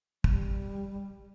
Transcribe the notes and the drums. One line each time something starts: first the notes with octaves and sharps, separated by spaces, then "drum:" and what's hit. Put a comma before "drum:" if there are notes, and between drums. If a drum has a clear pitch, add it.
G3, drum: kick